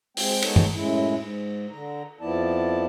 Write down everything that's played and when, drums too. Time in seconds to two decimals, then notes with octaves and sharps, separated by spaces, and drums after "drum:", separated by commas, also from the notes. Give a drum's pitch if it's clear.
0.17 G#3 C4 G5, drum: open hi-hat
0.42 G#3 B3 D#4 A4 C#5, drum: cymbal
0.56 drum: tom G2
0.74 F#2 A2 G#3 E4
1.18 G#2
1.71 D3 A#5
2.21 F2 F3 B3 E4 D5 A5